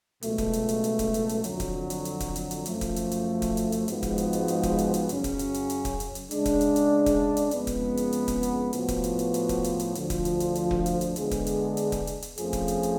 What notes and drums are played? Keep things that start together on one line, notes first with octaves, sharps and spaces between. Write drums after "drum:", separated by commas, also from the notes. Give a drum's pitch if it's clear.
C#2 B2 F#3 A3, drum: hi-hat
drum: kick, hi-hat
drum: hi-hat
drum: hi-hat
drum: hi-hat
drum: kick, hi-hat
drum: hi-hat
drum: hi-hat
F2 D3 F#3, drum: hi-hat
drum: kick, hi-hat
drum: hi-hat
drum: hi-hat
drum: kick, hi-hat
drum: hi-hat
drum: hi-hat
F#2 F3 A3, drum: hi-hat
drum: kick, hi-hat
drum: hi-hat
drum: hi-hat
drum: kick, hi-hat
drum: hi-hat
drum: hi-hat
G#2 F3 G#3 B3 F#4, drum: hi-hat
drum: kick, hi-hat
drum: hi-hat
drum: hi-hat
drum: hi-hat
drum: kick, hi-hat
drum: hi-hat
drum: hi-hat
F#2 C#3 F#3 C#4, drum: hi-hat
drum: kick, hi-hat
drum: hi-hat
drum: hi-hat
drum: hi-hat
drum: kick, hi-hat
drum: hi-hat
drum: hi-hat
C#3 G#3 D4, drum: hi-hat
drum: kick, hi-hat
drum: hi-hat
drum: hi-hat
drum: kick, hi-hat
drum: hi-hat
F2 C#3 G#3 B3, drum: hi-hat
drum: kick, hi-hat
drum: hi-hat
drum: hi-hat
drum: kick, hi-hat
drum: hi-hat
A2 F3 B3 F#4, drum: hi-hat
drum: kick, hi-hat
drum: hi-hat
drum: hi-hat
drum: hi-hat
drum: kick, hi-hat
drum: hi-hat
drum: hi-hat
D2 D3 F3, drum: hi-hat
drum: kick, hi-hat
drum: hi-hat
drum: hi-hat
drum: hi-hat
drum: kick
drum: hi-hat
drum: hi-hat
D3 G#3 B3 D4 G#4, drum: hi-hat
drum: kick, hi-hat
drum: hi-hat
drum: hi-hat
drum: kick, hi-hat
drum: hi-hat
drum: hi-hat
F2 F3 A3 C#4 G#4, drum: hi-hat
drum: kick, hi-hat
drum: hi-hat
drum: hi-hat